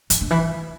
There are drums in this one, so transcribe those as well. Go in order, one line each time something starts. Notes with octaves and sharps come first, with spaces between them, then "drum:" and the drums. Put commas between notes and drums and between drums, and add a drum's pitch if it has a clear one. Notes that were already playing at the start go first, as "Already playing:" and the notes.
F3, drum: hi-hat
D3
E3